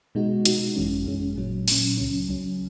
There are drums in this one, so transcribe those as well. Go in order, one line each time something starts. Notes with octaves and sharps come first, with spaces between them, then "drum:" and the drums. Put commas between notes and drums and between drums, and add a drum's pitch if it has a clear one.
B2 G#3 D#4 F#4
B2 G#3 D#4 F#4, drum: hi-hat
G#1 F#2 E3 G#3 C#4
G#1 F#2 E3 G#3 C#4
A#2 F#3 C#4
A#2 F#3 C#4, drum: open hi-hat
C#2 C#3 F#3 C#4
C#2 C#3 F#3 C#4